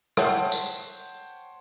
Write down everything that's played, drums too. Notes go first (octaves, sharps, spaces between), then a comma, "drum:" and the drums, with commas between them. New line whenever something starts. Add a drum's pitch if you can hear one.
C5 C#5 F#5 G5 A5, drum: rim click
drum: tambourine